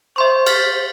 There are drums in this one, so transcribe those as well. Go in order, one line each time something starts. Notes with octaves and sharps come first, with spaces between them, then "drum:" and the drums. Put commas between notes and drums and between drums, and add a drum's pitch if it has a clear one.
C5 E5 C6 C#6
F6 A6 B6, drum: cymbal